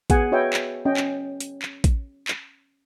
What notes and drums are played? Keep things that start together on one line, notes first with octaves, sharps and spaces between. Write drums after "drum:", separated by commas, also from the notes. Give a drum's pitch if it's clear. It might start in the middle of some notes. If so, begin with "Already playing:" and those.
B3 G#4 F#5 G#5, drum: kick A1, hi-hat
F#4 B4 C#5 D#5 E5 G5
drum: clap
C#4 D#5 G5
drum: clap
drum: hi-hat
drum: clap
drum: kick A1, hi-hat
drum: clap